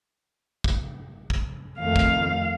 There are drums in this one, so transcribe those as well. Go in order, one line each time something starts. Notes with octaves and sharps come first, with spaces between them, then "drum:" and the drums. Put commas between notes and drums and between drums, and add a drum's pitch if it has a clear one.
drum: kick
drum: kick
F2 D#3 A3 F5
drum: kick